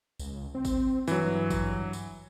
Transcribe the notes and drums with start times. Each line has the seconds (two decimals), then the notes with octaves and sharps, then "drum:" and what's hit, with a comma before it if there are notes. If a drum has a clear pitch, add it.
0.19 C#2, drum: tambourine
0.55 C4
0.65 drum: kick G#1, tambourine
1.08 G2 E3 F#3, drum: tambourine
1.50 drum: kick G#1, tambourine
1.93 drum: tambourine